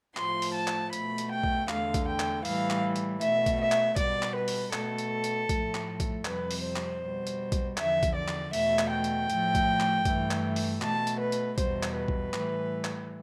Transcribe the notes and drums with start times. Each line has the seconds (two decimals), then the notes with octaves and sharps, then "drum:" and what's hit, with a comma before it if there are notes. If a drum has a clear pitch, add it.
0.17 A2 F3 A3 C6, drum: clap
0.42 drum: open hi-hat
0.55 A5
0.67 drum: clap
0.93 B2 A3 B5, drum: hi-hat
1.18 drum: hi-hat
1.31 G5
1.44 drum: kick A#1
1.69 E2 D3 A3 F5, drum: clap
1.94 drum: kick A#1, hi-hat
2.07 G5
2.20 drum: clap
2.45 A2 E3 G3 F5, drum: open hi-hat
2.70 drum: clap
2.96 drum: hi-hat
3.21 B2 A3 E5, drum: hi-hat
3.46 drum: kick A#1, hi-hat
3.59 E5
3.72 drum: clap
3.96 B2 G3 D5, drum: kick A#1, hi-hat
4.22 drum: clap
4.35 B4
4.48 drum: open hi-hat
4.73 B2 A3 A4, drum: clap
4.98 drum: hi-hat
5.24 drum: hi-hat
5.49 A2 F3 A3, drum: kick A#1, hi-hat
5.75 drum: clap
6.00 drum: kick A#1, hi-hat
6.25 F2 C3 G3 B4, drum: clap
6.51 drum: open hi-hat
6.64 C5
6.76 drum: clap
7.02 B2 G3
7.27 drum: hi-hat
7.52 drum: kick A#1, hi-hat
7.77 E2 D3 F3 E5, drum: clap
8.03 drum: kick A#1, hi-hat
8.15 D5
8.28 drum: clap
8.53 E2 B2 A3 E5, drum: open hi-hat
8.79 drum: clap
8.91 G5
9.04 drum: hi-hat
9.30 A2 F3 A3, drum: hi-hat
9.55 drum: kick A#1, hi-hat
9.80 drum: clap
10.05 G2 E3 A3, drum: kick A#1, hi-hat
10.31 drum: clap
10.56 drum: open hi-hat
10.82 B2 A3 A5, drum: clap
11.07 drum: hi-hat
11.19 B4
11.32 drum: hi-hat
11.58 E2 B2 G3 C5, drum: kick A#1, hi-hat
11.83 drum: clap
11.95 B4
12.08 drum: kick A#1
12.33 A2 E3 G3, drum: clap
12.84 drum: clap